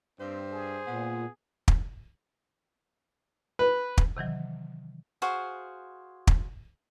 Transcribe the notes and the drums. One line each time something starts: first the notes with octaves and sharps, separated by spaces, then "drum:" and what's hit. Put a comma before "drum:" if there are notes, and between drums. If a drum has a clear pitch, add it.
G2 C4 C5
G#4
A#2 B3
drum: kick
B4
drum: kick
C3 D#3 E3 F#3
F#4 G#4 C5 F5
drum: kick